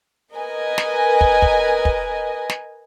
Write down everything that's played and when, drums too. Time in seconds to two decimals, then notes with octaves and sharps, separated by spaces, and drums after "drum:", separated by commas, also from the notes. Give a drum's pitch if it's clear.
0.35 A#4 B4 D#5 G#5
0.78 drum: snare
1.21 drum: kick
1.42 drum: kick
1.85 drum: kick
2.50 drum: snare